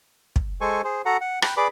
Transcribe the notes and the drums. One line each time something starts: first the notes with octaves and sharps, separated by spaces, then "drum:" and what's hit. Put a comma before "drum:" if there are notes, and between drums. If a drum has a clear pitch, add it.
drum: kick
G#3 A4 C5 G#5 C#6
G#4 C5
F#4 A4 F#5 A#5
F#5
G5 B5 F#6, drum: rim click
G#4 B4 D5 B5 D6